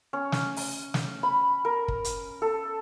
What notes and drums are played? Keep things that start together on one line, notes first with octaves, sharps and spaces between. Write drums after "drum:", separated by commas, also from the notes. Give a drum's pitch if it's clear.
C#4
drum: snare
drum: open hi-hat
drum: snare
B5
A#4
drum: kick
drum: hi-hat
A4